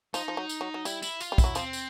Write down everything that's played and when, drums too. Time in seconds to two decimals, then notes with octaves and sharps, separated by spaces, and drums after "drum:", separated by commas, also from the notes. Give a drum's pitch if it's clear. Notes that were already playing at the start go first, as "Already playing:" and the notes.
0.14 F3 D#4, drum: tambourine
0.28 F3
0.37 F#3
0.49 drum: tambourine
0.61 F#3
0.74 F#3
0.85 G3 E4, drum: tambourine
1.02 E4, drum: tambourine
1.20 F4, drum: tambourine
1.32 G3
1.38 E4, drum: kick, tambourine
1.44 F#3
1.55 F3 C4, drum: tambourine
1.73 drum: tambourine